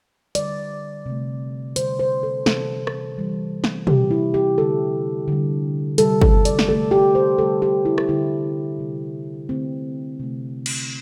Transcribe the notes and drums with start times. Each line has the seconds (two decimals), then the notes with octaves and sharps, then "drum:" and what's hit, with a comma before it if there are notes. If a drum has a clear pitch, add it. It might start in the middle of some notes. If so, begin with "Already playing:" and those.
0.35 D3 G3 D5, drum: hi-hat
1.06 C3 A3
1.76 D3 G3 C5, drum: hi-hat
1.99 C5
2.23 A4
2.46 C3 E3 G3 A4, drum: snare
2.87 drum: rim click
3.17 C3 E3 G3
3.64 drum: snare
3.87 C3 E3 G3 G4, drum: tom
4.11 E4
4.34 G4
4.57 D3 A3 A4
5.28 D3 G3
5.98 C3 G3 A4, drum: hi-hat
6.22 A4, drum: kick
6.45 D5, drum: hi-hat
6.59 drum: snare
6.68 D3 A3 A4
6.91 G4
7.15 C5
7.38 D3 G3 A4
7.62 G4
7.85 E4
7.98 drum: rim click
8.09 D3 G3 E4
8.79 C3 G3
9.49 D3 A3 C4
10.20 C3 A3
10.66 drum: cymbal